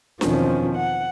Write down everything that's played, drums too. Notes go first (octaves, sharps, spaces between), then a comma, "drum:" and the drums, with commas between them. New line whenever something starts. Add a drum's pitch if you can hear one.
E2 B2 D#3 F3 C4 C#4, drum: snare D4
F#5